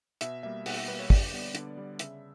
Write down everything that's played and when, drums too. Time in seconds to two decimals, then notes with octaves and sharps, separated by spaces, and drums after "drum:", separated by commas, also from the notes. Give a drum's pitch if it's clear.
0.21 B2 E5, drum: hi-hat
0.43 G3 A#3 E5
0.66 B2 F#5, drum: open hi-hat
0.77 E5
0.88 G3 A#3 B4
0.99 C#5
1.10 D3 D5, drum: kick, open hi-hat
1.33 G3 B3
1.55 D3, drum: hi-hat
1.77 G3 B3
1.99 C#3 E5, drum: hi-hat